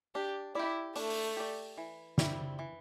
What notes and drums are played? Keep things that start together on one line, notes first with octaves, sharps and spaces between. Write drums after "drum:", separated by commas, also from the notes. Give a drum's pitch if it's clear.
D4 G4
E4 G4 D5
A3 D4, drum: open hi-hat
drum: open hi-hat
G4 D5
E3
G3 C4 E4, drum: snare
E3